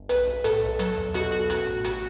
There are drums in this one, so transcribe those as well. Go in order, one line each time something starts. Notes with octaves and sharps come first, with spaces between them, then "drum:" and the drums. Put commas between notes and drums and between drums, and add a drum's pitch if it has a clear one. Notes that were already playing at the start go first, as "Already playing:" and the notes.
Already playing: G1
B1 B4, drum: hi-hat
B1
A2 A4, drum: hi-hat
B1
F#3 A4, drum: hi-hat
E2
B2 F#4, drum: hi-hat
E2 F#4
A1 F#4, drum: hi-hat
A2
E3 F#4, drum: hi-hat